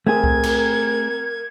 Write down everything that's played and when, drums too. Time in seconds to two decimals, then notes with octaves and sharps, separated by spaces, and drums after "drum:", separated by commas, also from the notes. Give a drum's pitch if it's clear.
0.07 A3 C4 G#4 A#4 G#6
0.24 drum: kick C2
0.43 drum: cymbal